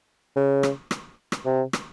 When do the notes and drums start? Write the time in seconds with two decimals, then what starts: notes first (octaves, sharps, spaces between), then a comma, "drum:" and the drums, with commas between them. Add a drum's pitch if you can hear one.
0.36 C#3
0.63 drum: rim click
0.91 drum: rim click
1.32 drum: rim click
1.46 C3
1.73 drum: rim click